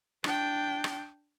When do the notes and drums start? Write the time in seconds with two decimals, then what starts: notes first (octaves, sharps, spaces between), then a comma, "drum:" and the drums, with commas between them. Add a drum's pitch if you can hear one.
0.24 D4 G5, drum: rim click
0.84 drum: rim click